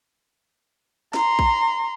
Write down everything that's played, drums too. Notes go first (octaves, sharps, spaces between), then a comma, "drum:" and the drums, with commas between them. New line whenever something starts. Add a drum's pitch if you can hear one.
A#5 C6, drum: snare
drum: kick